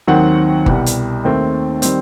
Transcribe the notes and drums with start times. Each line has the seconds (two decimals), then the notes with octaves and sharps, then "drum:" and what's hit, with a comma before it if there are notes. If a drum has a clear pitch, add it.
0.07 D#2 D#3 F#3 C4 F#5
0.66 C2 B2 G3, drum: kick G1
0.86 drum: hi-hat
1.24 D#2 D#3 A3 C4
1.82 D#3 G3 C4, drum: hi-hat